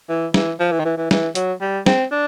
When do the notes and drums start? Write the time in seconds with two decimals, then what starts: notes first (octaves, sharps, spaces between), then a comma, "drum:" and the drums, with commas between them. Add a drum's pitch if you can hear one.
0.09 E3
0.34 E3, drum: snare
0.60 F3
0.72 E3
0.80 D#3
0.85 E3
0.97 E3
1.11 E3, drum: snare
1.35 F#3, drum: hi-hat
1.61 G3
1.86 C4, drum: snare
2.12 D4